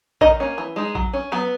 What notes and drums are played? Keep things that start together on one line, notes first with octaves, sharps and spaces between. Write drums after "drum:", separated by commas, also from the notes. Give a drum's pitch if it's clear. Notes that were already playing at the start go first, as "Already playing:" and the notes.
D#3 D#4 D#5, drum: kick
A#3 C#4
E3
G#3 D#4
F#3, drum: kick
C#4
F#3 B3 B4